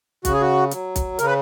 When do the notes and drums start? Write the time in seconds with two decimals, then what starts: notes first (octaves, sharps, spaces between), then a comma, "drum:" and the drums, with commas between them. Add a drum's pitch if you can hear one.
0.25 C#3 F#4, drum: kick B1, hi-hat
0.34 G#4
0.41 F#4
0.71 F#3, drum: hi-hat
0.96 drum: kick B1, hi-hat
1.19 C#3 A#4, drum: hi-hat
1.27 B4